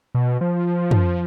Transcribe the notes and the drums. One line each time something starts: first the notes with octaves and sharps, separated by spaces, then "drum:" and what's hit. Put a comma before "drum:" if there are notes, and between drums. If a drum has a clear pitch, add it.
B2
F3
drum: tom